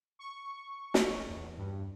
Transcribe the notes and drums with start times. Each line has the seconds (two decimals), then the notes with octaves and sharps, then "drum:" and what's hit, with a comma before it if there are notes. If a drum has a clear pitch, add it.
0.19 C#6
0.94 drum: snare
1.29 E2
1.57 G2